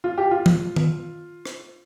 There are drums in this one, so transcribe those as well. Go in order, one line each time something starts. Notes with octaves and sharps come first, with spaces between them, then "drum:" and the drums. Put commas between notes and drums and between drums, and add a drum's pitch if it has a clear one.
F4
G4
F4
drum: tom E3
drum: tom D#3
drum: rim click